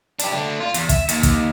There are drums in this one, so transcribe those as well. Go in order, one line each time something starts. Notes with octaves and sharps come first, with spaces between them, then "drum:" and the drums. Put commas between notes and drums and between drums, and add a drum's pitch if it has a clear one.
D4 G4, drum: hi-hat
A3 D4
F4
E2, drum: hi-hat
E5, drum: kick, hi-hat
D#2, drum: hi-hat
drum: kick, hi-hat